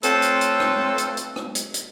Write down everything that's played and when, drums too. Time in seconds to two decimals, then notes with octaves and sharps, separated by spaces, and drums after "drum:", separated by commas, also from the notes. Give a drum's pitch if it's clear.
0.03 A3 C4 F4 A4 B4 C#5, drum: hi-hat
0.22 drum: hi-hat
0.41 drum: hi-hat
0.60 drum: rim click
0.98 drum: hi-hat
1.17 drum: hi-hat
1.36 drum: rim click
1.55 drum: hi-hat
1.74 drum: hi-hat